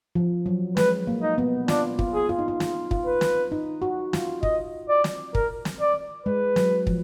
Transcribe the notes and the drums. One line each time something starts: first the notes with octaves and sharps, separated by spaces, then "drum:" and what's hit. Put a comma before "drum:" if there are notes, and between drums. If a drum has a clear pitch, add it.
F3
F#3
G#3 B4, drum: snare
A#3
D#4
B3
D4 F4, drum: snare
F4, drum: kick
G#4
F4
D#4
F4
F4, drum: snare
F4, drum: kick
B4
drum: snare
D#4
F#4
F4, drum: snare
D#5, drum: kick
D5
drum: snare
A#4, drum: kick
drum: snare
D5
G#3 B4
F#3, drum: snare
F3, drum: kick